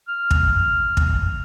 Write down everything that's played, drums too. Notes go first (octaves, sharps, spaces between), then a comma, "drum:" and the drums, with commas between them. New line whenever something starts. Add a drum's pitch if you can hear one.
F6
drum: kick
drum: kick